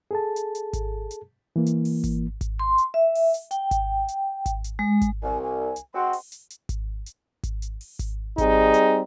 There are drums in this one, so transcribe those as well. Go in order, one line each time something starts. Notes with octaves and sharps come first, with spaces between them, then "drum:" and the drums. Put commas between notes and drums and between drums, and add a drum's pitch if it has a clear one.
G#4 A4 A5
drum: hi-hat
drum: hi-hat
drum: kick G#1, hi-hat
drum: hi-hat
E3 A#3
drum: hi-hat
drum: open hi-hat
drum: kick G#1, hi-hat
drum: kick G#1, hi-hat
C6
drum: hi-hat
E5
drum: open hi-hat
drum: hi-hat
G5, drum: hi-hat
drum: kick G#1, hi-hat
drum: hi-hat
drum: kick G#1, hi-hat
drum: hi-hat
G#3
drum: kick G#1, hi-hat
C2 G#5
G#5
drum: hi-hat
G#3 C4 F#4 C6
drum: open hi-hat
drum: hi-hat
drum: hi-hat
drum: kick G#1, hi-hat
drum: hi-hat
drum: kick G#1, hi-hat
drum: hi-hat
drum: open hi-hat
drum: kick G#1, hi-hat
G3 C4 D#4 G#4, drum: kick G#1, hi-hat
drum: hi-hat